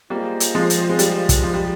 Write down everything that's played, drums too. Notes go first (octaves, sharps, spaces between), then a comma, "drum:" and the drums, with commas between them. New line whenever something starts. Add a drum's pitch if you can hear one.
G3 A#3 F4 G#4 C5 D#5
drum: hi-hat
F3 G#3
drum: hi-hat
G#3
G3, drum: hi-hat
drum: kick, hi-hat
F3
G3